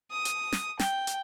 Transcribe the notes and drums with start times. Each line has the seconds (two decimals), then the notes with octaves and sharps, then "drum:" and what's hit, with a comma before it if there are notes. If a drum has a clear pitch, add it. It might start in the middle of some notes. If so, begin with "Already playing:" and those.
0.11 D#6
0.25 drum: hi-hat
0.52 drum: snare
0.79 G5, drum: snare
1.07 drum: hi-hat